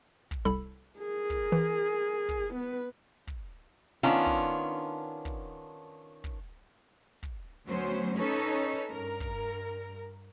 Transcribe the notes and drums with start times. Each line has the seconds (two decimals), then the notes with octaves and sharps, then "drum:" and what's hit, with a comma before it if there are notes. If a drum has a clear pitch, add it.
0.31 drum: kick
0.45 C2 A4 B5
0.99 G#4 A#4
1.30 drum: kick
1.52 E3
2.29 drum: kick
2.53 B3 B4
3.27 drum: kick
4.03 D#3 B3 C#4 D4 F4
4.26 drum: kick
5.25 drum: kick
6.24 drum: kick
7.23 drum: kick
7.69 D2 F#3 B3 C#4 C5
8.17 C#4 D#4 A4 B4 C#5
8.93 G2 A#4
9.20 drum: kick